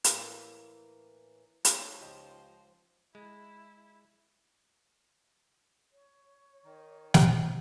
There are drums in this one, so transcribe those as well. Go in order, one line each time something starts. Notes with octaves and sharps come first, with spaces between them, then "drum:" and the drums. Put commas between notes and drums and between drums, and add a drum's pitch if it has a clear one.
A2 E3 A#3, drum: hi-hat
F3 A3 D#4 C#5, drum: hi-hat
C#2 F4 G4 C5 D#5
G#3 E4
C#5
D#3
drum: snare